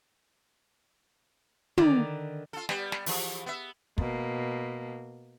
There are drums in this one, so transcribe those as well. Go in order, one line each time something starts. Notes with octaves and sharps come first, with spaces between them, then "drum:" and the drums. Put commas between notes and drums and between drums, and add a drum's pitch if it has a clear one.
D3 D#3 B4 D5 A#5, drum: tom
F4 A4
G3 B3, drum: snare
drum: snare
E3 F3 G#4, drum: open hi-hat
B3 E5
B2 A#3, drum: kick